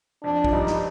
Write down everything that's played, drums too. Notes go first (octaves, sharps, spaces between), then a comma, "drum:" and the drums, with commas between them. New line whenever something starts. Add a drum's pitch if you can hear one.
F2 F3 D4
F3, drum: kick
G2 G3 D#4
drum: snare